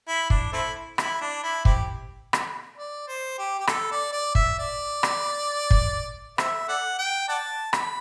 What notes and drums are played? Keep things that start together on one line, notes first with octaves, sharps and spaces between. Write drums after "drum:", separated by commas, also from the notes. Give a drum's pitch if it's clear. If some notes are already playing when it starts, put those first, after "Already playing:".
E4
D4, drum: kick
A3 C4 E4
E4, drum: rim click
D4
E4
C4 E4 G4, drum: kick
drum: rim click
D5
C5
G4
G4
A4, drum: rim click
D5
D5
E5, drum: kick
D5
drum: rim click
drum: kick
A4 C5 E5, drum: rim click
A4 D5 F#5
G5
D5 F#5 A5
B5, drum: rim click